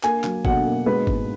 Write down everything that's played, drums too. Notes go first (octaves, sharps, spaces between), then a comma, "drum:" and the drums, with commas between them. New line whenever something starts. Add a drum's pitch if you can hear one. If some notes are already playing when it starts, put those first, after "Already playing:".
A#3 G#5, drum: clap
F#3, drum: clap
B2 F#5, drum: kick G1
A#3
G#3 B4
G#2, drum: kick G1